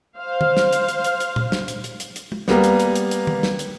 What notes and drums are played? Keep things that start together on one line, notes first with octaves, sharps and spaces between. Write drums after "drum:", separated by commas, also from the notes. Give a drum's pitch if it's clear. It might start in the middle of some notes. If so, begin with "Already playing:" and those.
C5 F5
drum: tom D#3
drum: snare
drum: hi-hat
drum: hi-hat
drum: hi-hat
drum: hi-hat
drum: tom A#2
drum: snare
drum: hi-hat
drum: hi-hat
drum: hi-hat
drum: hi-hat
drum: tom
G3 A#3 B3, drum: snare
drum: hi-hat
drum: hi-hat
drum: hi-hat
drum: hi-hat
drum: tom D#3
drum: snare
drum: hi-hat